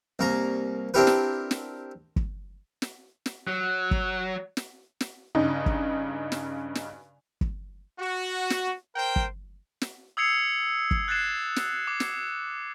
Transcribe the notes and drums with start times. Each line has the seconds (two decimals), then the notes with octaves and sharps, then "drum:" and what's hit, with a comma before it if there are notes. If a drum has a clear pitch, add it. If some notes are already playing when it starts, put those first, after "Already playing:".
0.19 C2 A#3 A#5
0.94 C4 D4 E4 G4 A#4 B4
1.07 drum: snare
1.51 drum: snare
2.16 drum: kick
2.82 drum: snare
3.26 drum: snare
3.47 F#3
3.91 drum: kick
4.57 drum: snare
5.01 drum: snare
5.35 G2 C#3 D#4
5.66 drum: kick
6.32 drum: snare
6.75 drum: snare
7.41 drum: kick
7.99 F#4
8.50 drum: snare
8.96 A#4 C5 G5
9.16 drum: kick
9.81 drum: snare
10.17 D#6 E6 G#6 C7 C#7 F7
10.91 drum: kick
11.08 F#6 G#6 A6 C7 E7
11.56 drum: snare
11.87 D6
12.00 drum: snare